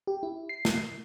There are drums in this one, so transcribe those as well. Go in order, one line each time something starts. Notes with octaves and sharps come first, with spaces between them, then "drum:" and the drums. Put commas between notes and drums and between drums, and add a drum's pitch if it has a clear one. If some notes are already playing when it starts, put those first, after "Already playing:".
G4
E4
C7
drum: snare